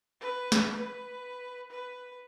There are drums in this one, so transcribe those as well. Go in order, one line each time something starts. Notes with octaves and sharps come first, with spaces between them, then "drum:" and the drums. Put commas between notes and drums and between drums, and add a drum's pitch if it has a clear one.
B4
drum: snare
B4
B4